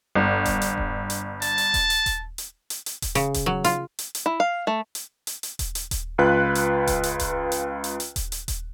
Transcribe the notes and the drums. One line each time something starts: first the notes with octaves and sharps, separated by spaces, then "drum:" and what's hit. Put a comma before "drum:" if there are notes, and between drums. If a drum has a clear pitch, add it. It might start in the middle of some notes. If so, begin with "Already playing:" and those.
G1
drum: kick D#1, hi-hat
drum: hi-hat
drum: kick D#1
drum: hi-hat
A5, drum: hi-hat
drum: hi-hat
drum: kick D#1, hi-hat
drum: hi-hat
drum: kick D#1, hi-hat
drum: hi-hat
drum: hi-hat
drum: hi-hat
drum: kick D#1, hi-hat
C#3, drum: hi-hat
drum: kick D#1, hi-hat
F#3
F4, drum: hi-hat
drum: hi-hat
drum: hi-hat
E4
F5
A3
drum: hi-hat
drum: hi-hat
drum: hi-hat
drum: kick D#1, hi-hat
drum: hi-hat
drum: kick D#1, hi-hat
C#2 F4 B4 F#6
drum: hi-hat
drum: kick D#1, hi-hat
drum: hi-hat
drum: kick D#1, hi-hat
drum: hi-hat
drum: hi-hat
drum: hi-hat
drum: kick D#1, hi-hat
drum: hi-hat
drum: kick D#1, hi-hat